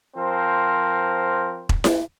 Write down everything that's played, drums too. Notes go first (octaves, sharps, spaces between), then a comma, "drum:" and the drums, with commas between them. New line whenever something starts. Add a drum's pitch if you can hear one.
F3 C4 A#4 C5
drum: kick E1
drum: snare E4